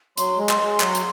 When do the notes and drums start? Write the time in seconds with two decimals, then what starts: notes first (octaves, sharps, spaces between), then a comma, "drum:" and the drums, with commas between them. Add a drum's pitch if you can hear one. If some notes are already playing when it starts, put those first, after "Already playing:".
0.17 F#3 C6, drum: hi-hat
0.38 G#3
0.49 C6, drum: clap
0.59 G#3
0.80 F#3, drum: clap
0.95 drum: hi-hat